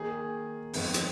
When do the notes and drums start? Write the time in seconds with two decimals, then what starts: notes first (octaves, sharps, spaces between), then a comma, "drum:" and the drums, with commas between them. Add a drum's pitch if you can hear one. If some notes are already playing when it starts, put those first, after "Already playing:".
Already playing: D#3 A#3 D#4 G#4
0.73 F2 D#3 G#3 B3, drum: open hi-hat
0.94 drum: hi-hat